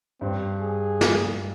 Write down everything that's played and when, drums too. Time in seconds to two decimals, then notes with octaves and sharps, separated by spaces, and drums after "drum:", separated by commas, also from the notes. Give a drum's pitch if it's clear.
0.21 G2 C4
0.60 G#4
1.01 drum: snare